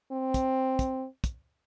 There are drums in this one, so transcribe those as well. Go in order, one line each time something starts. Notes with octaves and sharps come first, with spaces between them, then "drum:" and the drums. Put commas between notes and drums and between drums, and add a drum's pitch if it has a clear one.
C4
drum: kick, hi-hat
drum: kick, hi-hat
drum: kick, hi-hat